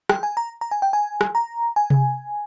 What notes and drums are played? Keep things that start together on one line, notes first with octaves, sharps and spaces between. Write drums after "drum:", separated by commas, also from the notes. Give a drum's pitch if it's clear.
G5, drum: rim click
G#5
A#5
A#5
G#5
G5
G#5
drum: rim click
A#5
G#5
drum: tom C3